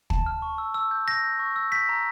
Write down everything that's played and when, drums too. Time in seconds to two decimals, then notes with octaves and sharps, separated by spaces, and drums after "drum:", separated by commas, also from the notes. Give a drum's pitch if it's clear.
0.10 A5, drum: kick
0.26 F6
0.42 C#6
0.58 E6
0.74 E6
0.91 G6
1.07 G6 A#6
1.24 G6
1.39 C#6
1.56 E6
1.72 G6 B6
1.89 A#5